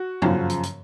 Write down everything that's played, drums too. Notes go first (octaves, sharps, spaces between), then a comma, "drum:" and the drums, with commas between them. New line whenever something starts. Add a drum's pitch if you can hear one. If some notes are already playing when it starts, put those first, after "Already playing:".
Already playing: F#4
F#2 C#3 F3, drum: tom
drum: hi-hat
drum: hi-hat